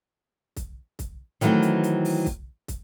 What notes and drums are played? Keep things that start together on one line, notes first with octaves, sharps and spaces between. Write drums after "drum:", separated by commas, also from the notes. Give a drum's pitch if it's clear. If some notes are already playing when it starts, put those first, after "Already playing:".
drum: kick, hi-hat
drum: kick, hi-hat
D#3 E3 F#3 G3 A3 C4, drum: hi-hat
drum: hi-hat
drum: hi-hat
drum: open hi-hat
drum: kick, hi-hat
drum: kick, hi-hat